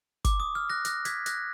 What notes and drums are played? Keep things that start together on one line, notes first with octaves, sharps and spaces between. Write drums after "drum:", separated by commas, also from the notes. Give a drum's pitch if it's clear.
D6, drum: kick, hi-hat
D#6
F6
F#6 A#6
F#6 A#6, drum: hi-hat
G#6 B6, drum: hi-hat
F#6 A#6, drum: hi-hat